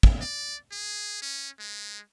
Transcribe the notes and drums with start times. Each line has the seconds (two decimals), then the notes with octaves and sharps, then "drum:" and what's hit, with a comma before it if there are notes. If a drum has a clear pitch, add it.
0.03 drum: kick
0.21 D5
0.72 G#4
1.22 C#4
1.59 G#3